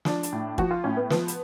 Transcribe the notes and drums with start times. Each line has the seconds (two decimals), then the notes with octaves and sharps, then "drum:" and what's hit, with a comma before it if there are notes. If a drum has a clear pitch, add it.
0.05 F3 D4, drum: snare
0.23 drum: hi-hat
0.32 A2
0.58 F3 F#4, drum: kick
0.71 F4
0.84 A2 C#4
0.97 B3
1.10 F3 B3, drum: snare
1.28 drum: hi-hat